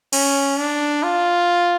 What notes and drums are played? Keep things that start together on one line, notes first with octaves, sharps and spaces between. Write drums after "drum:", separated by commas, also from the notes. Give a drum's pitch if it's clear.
C#4, drum: cymbal
D4
F4